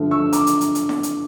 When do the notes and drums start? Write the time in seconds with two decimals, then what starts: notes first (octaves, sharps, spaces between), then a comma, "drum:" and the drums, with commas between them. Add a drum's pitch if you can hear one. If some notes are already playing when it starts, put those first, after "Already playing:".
Already playing: G2 D3 F3 A3
0.11 C#6 E6
0.33 A#5 D6, drum: hi-hat
0.47 drum: hi-hat
0.61 drum: hi-hat
0.75 drum: hi-hat
0.89 drum: snare E4
1.03 drum: hi-hat